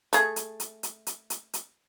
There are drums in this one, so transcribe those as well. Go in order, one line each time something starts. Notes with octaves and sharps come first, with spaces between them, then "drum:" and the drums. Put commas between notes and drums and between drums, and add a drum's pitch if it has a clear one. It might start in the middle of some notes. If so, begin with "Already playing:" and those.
A3 G#4, drum: hi-hat
drum: hi-hat
drum: hi-hat
drum: hi-hat
drum: hi-hat
drum: hi-hat
drum: hi-hat